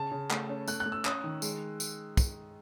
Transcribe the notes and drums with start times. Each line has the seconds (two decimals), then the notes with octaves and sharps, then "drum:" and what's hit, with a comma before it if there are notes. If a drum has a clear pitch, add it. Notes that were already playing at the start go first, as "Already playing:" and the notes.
Already playing: C#3 A5
0.12 C#3
0.31 A3, drum: clap
0.49 C#4
0.68 A3 F#6, drum: tambourine
0.80 F#6
0.86 A3
0.92 E6
1.05 C#4 D#6, drum: clap
1.24 D#3
1.42 G#3, drum: tambourine
1.80 drum: tambourine
2.17 drum: kick, tambourine